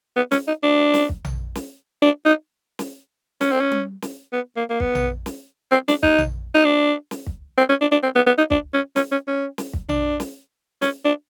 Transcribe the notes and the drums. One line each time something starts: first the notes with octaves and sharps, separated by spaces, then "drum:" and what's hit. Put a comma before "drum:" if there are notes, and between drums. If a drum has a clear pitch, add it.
B3
C#4, drum: snare
D#4
D4
drum: snare
drum: kick
drum: tom A#1
drum: snare
D4
D#4
drum: snare
C#4, drum: snare
C4
C#4
drum: tom G3
drum: snare
B3
A#3
A#3
B3, drum: kick
drum: tom A#1
drum: snare
C4
D4, drum: snare
D#4, drum: kick
drum: tom A#1
D#4
D4
drum: snare
drum: kick
C4
C#4
D4
D4
C4
B3
B3
D#4
D4, drum: kick
C#4
C#4, drum: snare
C#4
C#4
drum: snare
drum: kick
D4, drum: tom A#1
drum: snare
C#4, drum: snare
D4